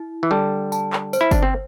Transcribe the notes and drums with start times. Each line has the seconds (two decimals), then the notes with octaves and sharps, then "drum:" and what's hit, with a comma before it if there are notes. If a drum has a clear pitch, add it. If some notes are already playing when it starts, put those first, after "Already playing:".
Already playing: E4
0.23 E3
0.31 D3 G3 A5
0.72 A5, drum: tambourine
0.93 drum: clap
1.13 C5, drum: tambourine
1.21 E4
1.31 D4, drum: kick G1, tambourine
1.43 C4